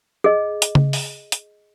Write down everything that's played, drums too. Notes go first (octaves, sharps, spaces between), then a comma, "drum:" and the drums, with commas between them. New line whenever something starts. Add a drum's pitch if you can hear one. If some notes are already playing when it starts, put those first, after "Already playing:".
G#4 D#5
drum: hi-hat
drum: tom C#3
drum: open hi-hat
drum: hi-hat